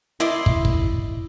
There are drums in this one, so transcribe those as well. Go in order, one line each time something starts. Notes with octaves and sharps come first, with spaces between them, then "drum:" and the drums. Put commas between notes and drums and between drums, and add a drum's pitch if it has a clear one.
E4 D5 D#5 C6, drum: hi-hat
drum: kick
drum: kick